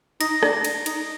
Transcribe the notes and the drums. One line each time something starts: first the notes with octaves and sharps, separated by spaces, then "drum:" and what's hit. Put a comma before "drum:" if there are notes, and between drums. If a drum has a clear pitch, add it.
D#4 A#6, drum: cymbal
D4, drum: rim click
drum: cymbal
D#4, drum: cymbal